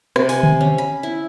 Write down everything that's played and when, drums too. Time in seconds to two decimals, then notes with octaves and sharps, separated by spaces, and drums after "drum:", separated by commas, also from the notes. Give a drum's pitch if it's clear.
0.16 C3, drum: rim click
0.29 G#5, drum: open hi-hat
0.43 drum: tom D3
0.61 C#4
0.78 B5
1.03 E4